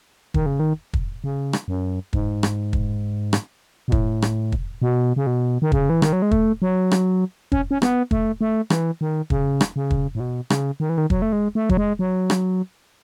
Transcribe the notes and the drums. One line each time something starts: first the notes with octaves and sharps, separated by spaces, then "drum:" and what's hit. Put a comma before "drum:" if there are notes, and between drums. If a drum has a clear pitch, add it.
D#3, drum: kick
C#3
D#3
drum: kick
C#3
drum: rim click
F#2
G#2, drum: kick
drum: rim click
drum: kick
drum: rim click
B2
A2, drum: kick
drum: rim click
drum: kick
B2
C#3
B2
D#3
C#3, drum: kick
E3
D#3, drum: rim click
F#3
G#3
A3, drum: kick
F#3
drum: rim click
C#4, drum: kick
C#4
B3, drum: rim click
A3, drum: kick
A3
E3, drum: rim click
D#3
C#3, drum: kick
drum: rim click
C#3
drum: kick
A2
B2
C#3, drum: rim click
D#3
E3
D#3
F#3, drum: kick
A3
G#3
A3
F#3, drum: kick
G#3
F#3
drum: rim click